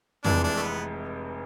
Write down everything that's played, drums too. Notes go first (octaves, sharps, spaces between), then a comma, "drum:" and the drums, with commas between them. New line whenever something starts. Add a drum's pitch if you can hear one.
F1 F2 C3 E3 G#3 D4, drum: tom F2
D4
A3
B3